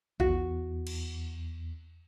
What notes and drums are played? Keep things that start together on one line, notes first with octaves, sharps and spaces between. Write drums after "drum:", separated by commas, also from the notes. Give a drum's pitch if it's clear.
E2 F#4, drum: kick A#1
drum: cymbal